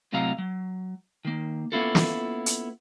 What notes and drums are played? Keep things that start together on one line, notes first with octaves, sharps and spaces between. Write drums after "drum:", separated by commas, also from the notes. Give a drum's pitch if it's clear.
A2 C3 F#3 D#5 F5 A#5
F#3
D#3 A#3
A#3 B3 C#4 E4 F4 A4
drum: snare
drum: hi-hat